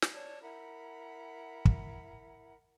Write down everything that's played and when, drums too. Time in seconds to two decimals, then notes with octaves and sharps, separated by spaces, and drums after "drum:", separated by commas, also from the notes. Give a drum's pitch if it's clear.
0.02 drum: snare
0.14 C#5 D5 A5 G#6
0.42 E4 A#4 F#5 B5
1.65 drum: kick